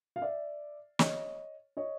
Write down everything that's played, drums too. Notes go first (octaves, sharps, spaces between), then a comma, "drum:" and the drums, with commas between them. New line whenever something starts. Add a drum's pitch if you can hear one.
F5
D5 E5
C#5 D#5, drum: snare
C#5 D#5